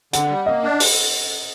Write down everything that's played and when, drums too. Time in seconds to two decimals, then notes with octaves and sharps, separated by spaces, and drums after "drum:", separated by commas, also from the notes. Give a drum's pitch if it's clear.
0.13 D3 F#5, drum: hi-hat
0.30 G3
0.46 A#3 D#5
0.64 D4
0.80 drum: open hi-hat